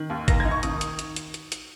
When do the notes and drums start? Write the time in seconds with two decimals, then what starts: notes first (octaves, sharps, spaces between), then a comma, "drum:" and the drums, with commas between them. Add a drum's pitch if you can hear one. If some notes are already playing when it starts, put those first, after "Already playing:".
Already playing: D#3
0.10 D#2
0.28 A#3 A#6, drum: kick, hi-hat
0.40 G#6
0.45 D#4
0.51 C#6
0.63 D#3 D#6, drum: hi-hat
0.81 drum: hi-hat
0.99 drum: hi-hat
1.16 drum: hi-hat
1.34 drum: hi-hat
1.52 drum: hi-hat